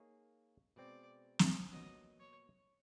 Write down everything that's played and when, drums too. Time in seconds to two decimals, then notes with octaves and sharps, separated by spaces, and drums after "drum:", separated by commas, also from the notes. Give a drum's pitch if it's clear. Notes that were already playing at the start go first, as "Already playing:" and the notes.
Already playing: A#3 D#4 G#4 C#5
0.76 B2 G#3 C4 D5
1.39 drum: snare
1.72 A#2 F#3 B3 D#5
2.20 C#5